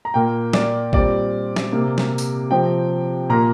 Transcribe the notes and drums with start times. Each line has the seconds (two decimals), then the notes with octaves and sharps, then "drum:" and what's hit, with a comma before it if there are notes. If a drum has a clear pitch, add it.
0.05 A#5
0.14 A#2 A#3 G5
0.53 D5, drum: snare
0.93 A#2 G3 C4 D5, drum: kick
1.56 drum: snare
1.72 C3 A#3
1.98 drum: snare
2.18 drum: tambourine
2.51 C3 F3 C4 G5
3.29 A#2 A#3 A#5